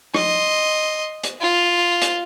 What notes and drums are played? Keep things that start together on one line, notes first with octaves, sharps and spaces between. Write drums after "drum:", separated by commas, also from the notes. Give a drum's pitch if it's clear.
D#5 C6, drum: rim click
drum: hi-hat
F4
drum: hi-hat